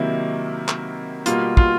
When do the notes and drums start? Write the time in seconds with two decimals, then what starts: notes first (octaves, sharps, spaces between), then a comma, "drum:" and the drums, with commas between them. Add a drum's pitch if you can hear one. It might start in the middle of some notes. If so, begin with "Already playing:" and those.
Already playing: C3 D#3 F#3 A#3 E4
0.69 drum: clap
1.26 B2 G3 A#3 F4, drum: hi-hat
1.57 F4, drum: kick